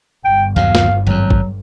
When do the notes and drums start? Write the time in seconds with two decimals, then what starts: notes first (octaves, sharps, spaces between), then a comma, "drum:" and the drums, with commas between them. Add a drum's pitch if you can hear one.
0.25 G1 G5
0.56 D#2 B2 F#3 F5
0.75 drum: snare
1.07 G#1 F2 F#3
1.30 drum: kick